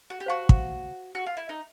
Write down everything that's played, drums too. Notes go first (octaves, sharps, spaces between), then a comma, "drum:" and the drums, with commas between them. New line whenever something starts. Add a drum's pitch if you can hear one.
F#4
G4
F#4 C5 F5 A5 C#6
drum: kick
F#4
F4
E4
D#4